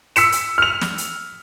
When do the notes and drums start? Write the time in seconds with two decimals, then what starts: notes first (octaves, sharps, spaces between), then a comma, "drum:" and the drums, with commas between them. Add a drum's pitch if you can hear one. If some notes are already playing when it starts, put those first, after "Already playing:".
0.16 E6 B6 C#7 E7, drum: hi-hat
0.32 drum: hi-hat
0.58 F6 F7
0.81 drum: snare
0.98 drum: hi-hat